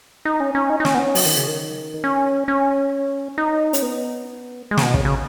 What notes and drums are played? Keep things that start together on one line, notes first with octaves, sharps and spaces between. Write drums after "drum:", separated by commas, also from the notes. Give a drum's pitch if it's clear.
D#4
C#4
C#4
D#4
D#4
C#4, drum: snare
B3
C#4
F#3, drum: open hi-hat
D#3
C#3
D#3
D#4
C#4
C#4
D#4
C#4, drum: hi-hat
B3
G#3
C#3, drum: snare
B2
C#3, drum: kick
C#3